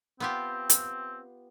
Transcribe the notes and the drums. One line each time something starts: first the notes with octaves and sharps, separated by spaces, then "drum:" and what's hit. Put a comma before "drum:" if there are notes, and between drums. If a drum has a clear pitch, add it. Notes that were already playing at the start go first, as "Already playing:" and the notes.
B3 C4 F4 G4
drum: hi-hat